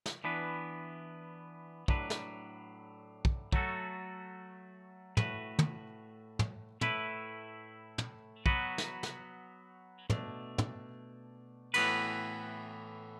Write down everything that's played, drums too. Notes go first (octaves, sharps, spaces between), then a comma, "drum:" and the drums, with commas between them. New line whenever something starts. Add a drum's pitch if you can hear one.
drum: snare
E3 B3 D4 B4
A2 F#3 D4 B4, drum: kick
drum: snare
drum: kick
F#3 A3 F#4 A4, drum: kick
A2 A3 F#4 B4, drum: tom
drum: tom
drum: tom
A2 A3 E4 B4, drum: tom
drum: tom
F#3 B3 F#4 B4, drum: kick
drum: snare
drum: snare
B2 A3 D4, drum: tom
drum: tom
A2 E3 B3 F#4 B4, drum: cymbal